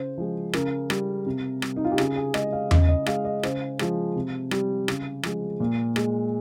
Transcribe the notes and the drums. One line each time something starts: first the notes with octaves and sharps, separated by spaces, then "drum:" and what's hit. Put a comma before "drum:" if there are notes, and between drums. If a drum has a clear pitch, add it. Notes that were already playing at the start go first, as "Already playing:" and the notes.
Already playing: C#3 C5
F3 G#3
C#3 A#4, drum: rim click
G3, drum: rim click
C3
G3, drum: rim click
D#4
F4
G4
C#3 G#4, drum: rim click
G#4
G#3 D#5, drum: rim click
F5
C#3 D#5, drum: tom E2
D#5
G#3 F5, drum: rim click
D#5
C#3 C5, drum: rim click
F3 G#3, drum: rim click
C3
G3, drum: rim click
C#3, drum: rim click
F3 G#3, drum: rim click
A#2
G#3, drum: rim click